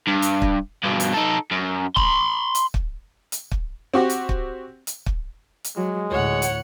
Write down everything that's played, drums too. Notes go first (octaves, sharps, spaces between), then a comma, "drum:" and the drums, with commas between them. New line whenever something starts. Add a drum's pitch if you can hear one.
G2
drum: hi-hat
drum: kick
G2 B2
drum: hi-hat
D#4 A4
F#2
B5 C6, drum: kick
drum: hi-hat
drum: kick
drum: hi-hat
drum: kick
C4 F#4 G4
drum: hi-hat
drum: kick
drum: hi-hat
drum: kick
drum: hi-hat
F#3 G#3
D2 A2 C#5 F#5
drum: hi-hat